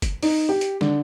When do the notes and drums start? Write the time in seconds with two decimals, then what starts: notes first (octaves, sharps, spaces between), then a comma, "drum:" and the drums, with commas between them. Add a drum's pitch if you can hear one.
0.02 drum: kick, hi-hat
0.23 D#4, drum: open hi-hat
0.49 G4
0.61 drum: hi-hat
0.81 D3, drum: snare